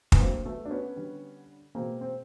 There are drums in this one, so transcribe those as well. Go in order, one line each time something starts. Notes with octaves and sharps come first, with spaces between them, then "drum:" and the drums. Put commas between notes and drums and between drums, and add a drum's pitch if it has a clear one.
B3, drum: kick
D3 F#3 A3 A#3 C4
A3 B3
D4
B3 C#4
D3 G3
B2 G#3 A#3 C4
C4